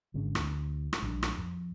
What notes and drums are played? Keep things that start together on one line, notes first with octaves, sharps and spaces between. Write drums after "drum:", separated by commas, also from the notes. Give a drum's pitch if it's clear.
G#1 D3 G#3 C#4
D2, drum: rim click
drum: rim click
A#1 G3 D4
drum: rim click
F2